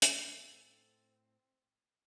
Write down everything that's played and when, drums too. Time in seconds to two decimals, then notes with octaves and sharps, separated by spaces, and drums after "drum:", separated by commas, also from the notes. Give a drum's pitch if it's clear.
0.02 A2 C4 A4 D#5 E5, drum: hi-hat